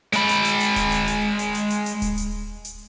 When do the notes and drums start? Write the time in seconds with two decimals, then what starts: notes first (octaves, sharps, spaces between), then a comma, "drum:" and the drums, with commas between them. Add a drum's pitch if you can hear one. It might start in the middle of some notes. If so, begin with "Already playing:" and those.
0.13 G#3 B5, drum: hi-hat
0.29 drum: hi-hat
0.45 drum: hi-hat
0.60 drum: hi-hat
0.76 drum: kick D1, hi-hat
0.92 drum: hi-hat
1.08 drum: hi-hat
1.39 drum: hi-hat
1.55 drum: hi-hat
1.70 drum: hi-hat
1.86 drum: hi-hat
2.02 drum: kick D1, hi-hat
2.18 drum: hi-hat
2.65 drum: hi-hat